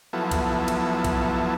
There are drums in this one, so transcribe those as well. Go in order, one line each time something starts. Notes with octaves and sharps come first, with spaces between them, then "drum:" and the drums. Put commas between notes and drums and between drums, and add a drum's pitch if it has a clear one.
F3 F#3 B3 E4 A4
drum: kick B1, cymbal
drum: cymbal
drum: kick B1, cymbal